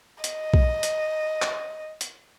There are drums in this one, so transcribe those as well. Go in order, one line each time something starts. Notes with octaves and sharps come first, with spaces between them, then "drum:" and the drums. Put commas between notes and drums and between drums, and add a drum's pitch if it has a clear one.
D#5, drum: hi-hat
drum: kick
drum: hi-hat
drum: clap
drum: hi-hat